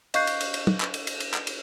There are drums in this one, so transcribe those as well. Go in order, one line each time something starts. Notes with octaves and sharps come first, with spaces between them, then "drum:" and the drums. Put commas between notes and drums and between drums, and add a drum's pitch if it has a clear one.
D#5 F5 C#6 F#6 G6 C7, drum: cymbal
drum: cymbal
drum: cymbal
drum: cymbal
drum: tom
drum: clap
drum: cymbal
drum: cymbal
drum: cymbal
drum: clap
drum: cymbal